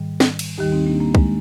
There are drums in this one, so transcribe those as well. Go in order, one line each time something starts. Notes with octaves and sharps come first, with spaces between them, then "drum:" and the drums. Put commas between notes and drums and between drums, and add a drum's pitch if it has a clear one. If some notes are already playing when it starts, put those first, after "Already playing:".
Already playing: G#2 D#3 G3
drum: snare
drum: cymbal
D#2 D#3 G3 D#4 G4
C4 D#4
A#3 D4
A#3
G#3, drum: kick C2